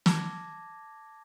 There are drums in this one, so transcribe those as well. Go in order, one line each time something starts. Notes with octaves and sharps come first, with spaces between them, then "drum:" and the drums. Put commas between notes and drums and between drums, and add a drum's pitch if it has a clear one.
A5 D6 G#6 A#6, drum: snare